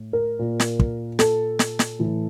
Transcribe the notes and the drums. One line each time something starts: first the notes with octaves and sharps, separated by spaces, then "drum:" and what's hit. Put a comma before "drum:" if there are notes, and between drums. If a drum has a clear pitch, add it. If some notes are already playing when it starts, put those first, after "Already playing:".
Already playing: A2
A#4
A#2
drum: snare
drum: kick
A4, drum: snare
drum: snare
drum: snare
A2 E3